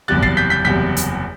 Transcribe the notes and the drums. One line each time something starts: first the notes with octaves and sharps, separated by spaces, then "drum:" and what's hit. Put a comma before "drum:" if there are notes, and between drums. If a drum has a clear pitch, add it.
F#1 E2 C3 G3 F#6 A6
A6 C7, drum: kick
G6 B6
G6 B6
F#1 E2 C3 G3 G6 B6
drum: hi-hat